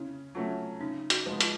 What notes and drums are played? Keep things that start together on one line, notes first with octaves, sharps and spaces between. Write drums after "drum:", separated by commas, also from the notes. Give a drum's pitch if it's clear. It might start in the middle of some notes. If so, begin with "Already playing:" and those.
Already playing: C#3 C#4 E4
F#3 A3 C#4 F4
C#3 D#4
F#4, drum: hi-hat
F3 G#3 B3
F4, drum: hi-hat